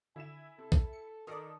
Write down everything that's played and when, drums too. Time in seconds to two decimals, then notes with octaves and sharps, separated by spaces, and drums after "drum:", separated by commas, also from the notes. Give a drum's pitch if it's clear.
0.16 D3 E4 E5 G#5 E7
0.59 C3 A4
0.72 drum: kick
0.93 C#7
1.27 D#3 D#4 A4 A#4 D5 D#6